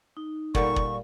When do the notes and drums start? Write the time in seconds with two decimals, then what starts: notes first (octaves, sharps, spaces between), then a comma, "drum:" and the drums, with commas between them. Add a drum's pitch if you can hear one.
0.17 D#4
0.55 A#2 G3 A4 A#4 D5 F#5 C#6, drum: kick
0.76 drum: kick